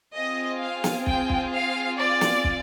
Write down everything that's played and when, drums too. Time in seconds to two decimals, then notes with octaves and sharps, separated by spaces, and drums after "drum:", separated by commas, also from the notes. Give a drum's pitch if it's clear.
0.15 C4 F4 G#4 D#5
0.61 F5
0.84 drum: snare
1.06 G5, drum: kick
1.30 drum: kick
1.53 F5
1.98 D5
2.21 drum: snare
2.44 drum: kick